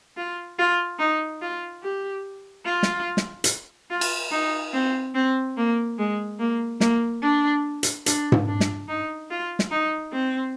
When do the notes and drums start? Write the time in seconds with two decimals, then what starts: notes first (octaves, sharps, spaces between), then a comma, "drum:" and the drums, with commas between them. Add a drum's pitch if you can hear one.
0.17 F4
0.59 F4
0.99 D#4
1.42 F4
1.83 G4
2.66 F4
2.83 drum: snare
3.17 drum: snare
3.44 drum: hi-hat
3.90 F4
4.01 drum: cymbal
4.32 D#4
4.74 C4
5.15 C4
5.57 A#3
5.99 G#3
6.40 A#3
6.81 A#3, drum: snare
7.22 D4
7.83 drum: hi-hat
8.06 D4, drum: hi-hat
8.32 drum: tom G#2
8.48 D4
8.60 drum: snare
8.89 D#4
9.30 F4
9.59 drum: snare
9.71 D#4
10.13 C4